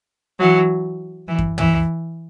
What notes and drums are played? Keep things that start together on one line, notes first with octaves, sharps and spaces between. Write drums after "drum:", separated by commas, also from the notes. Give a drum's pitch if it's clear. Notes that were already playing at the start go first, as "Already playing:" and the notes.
E3 F#3
E3
drum: kick F#2
E3, drum: tom